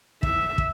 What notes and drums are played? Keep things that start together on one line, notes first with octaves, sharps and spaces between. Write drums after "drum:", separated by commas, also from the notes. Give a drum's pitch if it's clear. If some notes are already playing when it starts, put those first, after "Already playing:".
E5, drum: kick
drum: kick